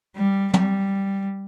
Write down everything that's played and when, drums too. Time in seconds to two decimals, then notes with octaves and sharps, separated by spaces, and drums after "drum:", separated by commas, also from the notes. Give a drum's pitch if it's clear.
0.16 G3
0.53 G3, drum: tom